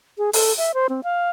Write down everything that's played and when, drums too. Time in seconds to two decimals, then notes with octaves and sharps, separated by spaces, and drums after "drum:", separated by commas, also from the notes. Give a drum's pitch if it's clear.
0.18 G#4
0.33 A4, drum: open hi-hat
0.58 E5
0.74 C5
0.89 C4
1.04 F5